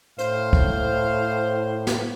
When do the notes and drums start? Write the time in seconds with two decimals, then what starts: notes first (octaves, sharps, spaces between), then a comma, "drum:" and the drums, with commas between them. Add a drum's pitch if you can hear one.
0.19 A2 C5 F5, drum: hi-hat
0.53 drum: kick
1.87 drum: snare